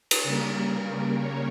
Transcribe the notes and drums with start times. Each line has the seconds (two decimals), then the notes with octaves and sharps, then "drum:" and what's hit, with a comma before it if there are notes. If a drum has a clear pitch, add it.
0.11 drum: cymbal
0.23 C#3 G3 A#3 A#4
1.17 C#5